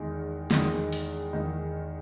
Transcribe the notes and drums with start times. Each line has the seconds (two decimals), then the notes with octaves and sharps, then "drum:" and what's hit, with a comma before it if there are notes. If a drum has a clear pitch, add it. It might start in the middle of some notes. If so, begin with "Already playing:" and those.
Already playing: E2 D#3 G#3 D#4
0.51 E2 D#3 G#3 D#4, drum: snare
0.93 drum: open hi-hat
1.33 E2 D#3 G#3 D#4